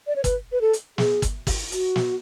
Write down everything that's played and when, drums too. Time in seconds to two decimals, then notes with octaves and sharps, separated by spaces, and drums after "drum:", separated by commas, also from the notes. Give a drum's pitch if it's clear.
0.07 D5
0.16 C#5
0.24 B4, drum: kick, hi-hat
0.52 B4
0.61 A4
0.73 drum: hi-hat
0.98 G#4, drum: snare
1.22 drum: kick, hi-hat
1.47 drum: kick, open hi-hat
1.72 F#4, drum: hi-hat
1.96 drum: snare